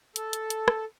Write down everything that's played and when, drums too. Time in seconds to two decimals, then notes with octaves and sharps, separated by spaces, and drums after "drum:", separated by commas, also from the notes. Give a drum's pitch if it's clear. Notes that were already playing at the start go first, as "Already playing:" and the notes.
0.16 A4, drum: hi-hat
0.33 drum: hi-hat
0.50 drum: hi-hat
0.68 drum: rim click